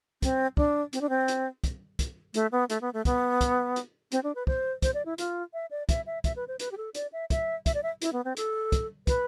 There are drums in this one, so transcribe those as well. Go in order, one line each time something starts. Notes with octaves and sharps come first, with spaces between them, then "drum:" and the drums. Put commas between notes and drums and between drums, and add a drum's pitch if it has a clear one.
C4, drum: kick, hi-hat
D4, drum: kick
C4, drum: hi-hat
D4
C4
drum: hi-hat
drum: kick, hi-hat
drum: kick, hi-hat
A3, drum: hi-hat
B3
A3, drum: hi-hat
B3
A3
B3, drum: kick, hi-hat
drum: kick, hi-hat
drum: hi-hat
C4, drum: hi-hat
D4
B4
C5, drum: kick
C5, drum: kick, hi-hat
D5
E4
F4, drum: hi-hat
E5
D5
E5, drum: kick, hi-hat
E5
E5, drum: kick, hi-hat
B4
C5
B4, drum: hi-hat
G4
A4
D5, drum: hi-hat
E5
E5, drum: kick, hi-hat
E5, drum: kick, hi-hat
D5
E5
E4, drum: hi-hat
B3
C4
A4, drum: hi-hat
drum: kick, hi-hat
B4, drum: kick, hi-hat